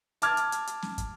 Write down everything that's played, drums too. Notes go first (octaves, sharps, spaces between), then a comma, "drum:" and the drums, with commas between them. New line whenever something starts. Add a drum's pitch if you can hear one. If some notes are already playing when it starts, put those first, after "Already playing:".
A5 D6 F6 G#6, drum: hi-hat
drum: hi-hat
drum: hi-hat
drum: hi-hat
drum: snare
drum: kick, hi-hat